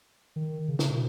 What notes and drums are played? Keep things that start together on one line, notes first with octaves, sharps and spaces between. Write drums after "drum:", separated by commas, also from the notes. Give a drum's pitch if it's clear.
D#3
C#3
C#3, drum: snare
B2